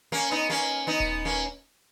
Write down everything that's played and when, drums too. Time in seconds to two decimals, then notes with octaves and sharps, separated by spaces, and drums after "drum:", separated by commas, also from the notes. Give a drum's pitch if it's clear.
0.12 A#3 C#4
0.31 B3 D#4
0.50 A#3 C#4
0.87 B3 D#4
1.00 drum: kick D#1
1.25 A#3 C#4